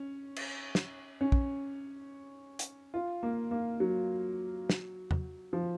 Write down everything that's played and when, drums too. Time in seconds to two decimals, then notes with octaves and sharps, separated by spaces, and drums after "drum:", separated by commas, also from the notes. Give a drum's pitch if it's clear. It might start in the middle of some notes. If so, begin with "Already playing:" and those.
Already playing: C#4
0.36 drum: cymbal
0.75 drum: snare
1.21 C#4
1.32 drum: kick
2.59 drum: hi-hat
2.94 F4
3.23 A#3
3.51 A#3
3.80 F#3
4.70 drum: snare
5.11 drum: tom E2
5.53 F3